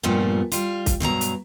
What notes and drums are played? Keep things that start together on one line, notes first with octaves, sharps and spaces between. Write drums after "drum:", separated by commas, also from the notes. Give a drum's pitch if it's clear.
G2 A#2 F3 G3 A3 B3
G3 F4, drum: hi-hat
drum: kick, hi-hat
G2 B2 F#3 A#5
drum: hi-hat